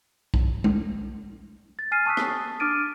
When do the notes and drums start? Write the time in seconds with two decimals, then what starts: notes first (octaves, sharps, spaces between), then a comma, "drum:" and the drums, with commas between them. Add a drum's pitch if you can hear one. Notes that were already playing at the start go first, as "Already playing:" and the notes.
0.34 drum: kick B1
0.64 drum: tom G#3
1.79 A6
1.92 G#5 F6 A6 C7 D#7
2.06 A5 C#6 D#6 E6 F#6 B6
2.17 drum: rim click
2.28 D#6
2.60 D4 D6 F6 A6 D7 D#7